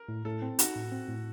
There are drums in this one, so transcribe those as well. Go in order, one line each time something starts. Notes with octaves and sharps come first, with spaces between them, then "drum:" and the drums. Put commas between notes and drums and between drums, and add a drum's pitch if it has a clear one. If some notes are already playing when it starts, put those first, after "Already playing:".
Already playing: A#4
A2
A2 A4
C4
D#4 F#4, drum: hi-hat
A2
C4
A2